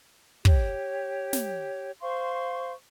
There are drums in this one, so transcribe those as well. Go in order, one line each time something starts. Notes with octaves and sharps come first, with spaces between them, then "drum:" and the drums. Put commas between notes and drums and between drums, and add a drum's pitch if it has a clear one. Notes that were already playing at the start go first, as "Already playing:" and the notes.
G4 C#5, drum: kick
drum: snare
C5 F5 C6 C#6